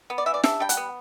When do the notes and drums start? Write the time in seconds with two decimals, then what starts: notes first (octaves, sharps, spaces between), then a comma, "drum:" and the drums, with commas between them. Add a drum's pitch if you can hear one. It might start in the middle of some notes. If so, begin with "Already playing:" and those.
0.10 B3
0.18 D5
0.26 E3 E5
0.34 D5
0.43 D4 E5, drum: snare
0.60 G3 G5
0.69 F#5, drum: hi-hat
0.77 B3